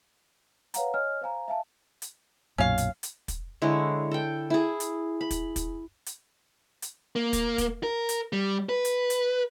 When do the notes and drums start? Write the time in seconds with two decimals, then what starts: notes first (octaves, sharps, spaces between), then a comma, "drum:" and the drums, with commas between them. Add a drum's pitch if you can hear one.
0.74 B4 C#5 F5 F#5 A#5, drum: hi-hat
0.94 C#5 D#5 G#5 F6
1.21 C5 F5 G#5 A#5
1.48 E5 F5 G#5 A5
2.02 drum: hi-hat
2.58 B1 F#2 A#2 C#4 F5
2.78 drum: hi-hat
3.03 drum: hi-hat
3.28 drum: kick, hi-hat
3.62 D3 G#3 E4 C#5
4.11 A4 G5
4.50 E4 G#4
4.80 drum: hi-hat
5.21 B5
5.31 drum: kick, hi-hat
5.56 drum: kick, hi-hat
6.06 drum: hi-hat
6.82 drum: hi-hat
7.16 A#3
7.33 drum: kick, hi-hat
7.58 drum: kick, hi-hat
7.83 A#4
8.09 drum: hi-hat
8.33 G3
8.69 B4
8.85 drum: hi-hat
9.10 drum: hi-hat